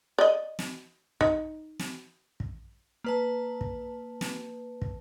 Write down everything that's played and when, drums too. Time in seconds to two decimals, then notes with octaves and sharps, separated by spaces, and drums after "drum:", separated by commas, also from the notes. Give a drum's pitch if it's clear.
0.18 D5 D#5
0.59 drum: snare
1.21 D#4, drum: kick
1.80 drum: snare
2.40 drum: kick
3.04 A#3 B4 A5
3.61 drum: kick
4.21 drum: snare
4.82 drum: kick